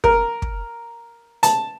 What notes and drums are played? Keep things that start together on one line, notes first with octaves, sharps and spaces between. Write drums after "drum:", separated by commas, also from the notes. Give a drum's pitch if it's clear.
A#4, drum: kick
drum: kick
A5, drum: hi-hat